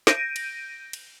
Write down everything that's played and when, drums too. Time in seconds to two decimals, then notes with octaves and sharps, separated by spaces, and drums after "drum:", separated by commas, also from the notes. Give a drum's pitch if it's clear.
0.07 G6 A#6 D7 D#7, drum: snare
0.36 drum: cymbal
0.93 drum: cymbal